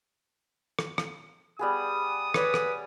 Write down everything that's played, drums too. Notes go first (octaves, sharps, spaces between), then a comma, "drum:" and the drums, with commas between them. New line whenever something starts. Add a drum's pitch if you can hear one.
drum: rim click
drum: rim click
G3 B3 G#4 D#6
B4 C#5 D5, drum: rim click
drum: rim click